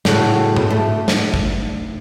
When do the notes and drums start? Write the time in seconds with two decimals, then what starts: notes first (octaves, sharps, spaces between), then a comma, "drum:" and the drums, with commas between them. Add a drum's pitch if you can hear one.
0.05 A2 C#3 F#4, drum: snare
0.56 drum: tom G#2
0.70 A3
1.08 drum: snare
1.34 drum: kick